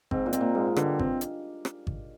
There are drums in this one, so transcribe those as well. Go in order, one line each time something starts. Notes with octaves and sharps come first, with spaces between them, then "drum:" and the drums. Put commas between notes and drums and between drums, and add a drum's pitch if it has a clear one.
G#2 C4, drum: kick G#1
A#2
C4, drum: hi-hat
A#2
G#2 G#3
G2 D3, drum: rim click
C4, drum: kick G#1
drum: hi-hat
drum: rim click
drum: kick G#1